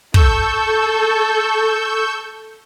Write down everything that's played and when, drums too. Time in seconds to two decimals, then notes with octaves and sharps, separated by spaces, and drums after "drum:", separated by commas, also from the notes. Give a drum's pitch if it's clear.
0.14 A4 C#6 E6 G6, drum: kick